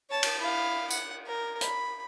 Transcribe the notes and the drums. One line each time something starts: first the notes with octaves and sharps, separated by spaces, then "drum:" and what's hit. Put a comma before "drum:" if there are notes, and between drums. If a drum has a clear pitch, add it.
C#5 A5
drum: cymbal
E4 F5
F#5, drum: tambourine
A#4
B5, drum: hi-hat